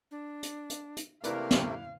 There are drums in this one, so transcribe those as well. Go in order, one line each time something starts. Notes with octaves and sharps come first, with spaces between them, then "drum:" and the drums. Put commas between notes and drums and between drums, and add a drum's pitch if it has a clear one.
D4
drum: hi-hat
drum: hi-hat
drum: hi-hat
C3 A3 A#3 E4 A#4 B4 D5 F5, drum: hi-hat
drum: snare